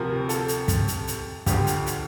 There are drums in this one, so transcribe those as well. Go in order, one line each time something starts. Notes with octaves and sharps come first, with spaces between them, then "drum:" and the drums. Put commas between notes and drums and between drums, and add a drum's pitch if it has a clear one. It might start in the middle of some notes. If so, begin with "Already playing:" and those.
Already playing: D2 C3 F3 A#4
A4, drum: hi-hat
drum: hi-hat
drum: kick, hi-hat
drum: hi-hat
drum: hi-hat
D2 D3 F3 G4, drum: kick, hi-hat
drum: hi-hat
drum: hi-hat